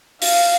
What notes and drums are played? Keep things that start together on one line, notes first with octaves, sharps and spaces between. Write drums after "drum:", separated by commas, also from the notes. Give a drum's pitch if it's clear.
F5, drum: open hi-hat